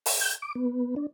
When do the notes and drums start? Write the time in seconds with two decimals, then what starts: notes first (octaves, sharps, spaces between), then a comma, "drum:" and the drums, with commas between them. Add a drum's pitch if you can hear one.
0.06 drum: open hi-hat
0.20 G6
0.42 D6
0.55 B3
0.96 D4